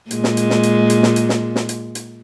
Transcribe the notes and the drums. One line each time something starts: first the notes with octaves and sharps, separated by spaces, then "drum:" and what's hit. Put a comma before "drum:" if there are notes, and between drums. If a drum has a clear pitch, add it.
A#2 G#3, drum: hi-hat
drum: snare
drum: hi-hat
drum: snare
drum: hi-hat
drum: hi-hat
drum: snare
drum: hi-hat
drum: snare
drum: snare
drum: hi-hat
drum: hi-hat